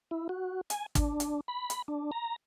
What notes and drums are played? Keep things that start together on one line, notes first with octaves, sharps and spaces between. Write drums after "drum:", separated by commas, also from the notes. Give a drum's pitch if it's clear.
E4
F#4
G#5, drum: hi-hat
D4, drum: kick, hi-hat
drum: hi-hat
B5
drum: hi-hat
D4
A#5